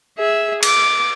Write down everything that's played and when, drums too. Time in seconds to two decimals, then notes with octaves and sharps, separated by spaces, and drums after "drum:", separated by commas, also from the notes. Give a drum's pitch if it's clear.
0.18 G#4 E5
0.63 D6, drum: cymbal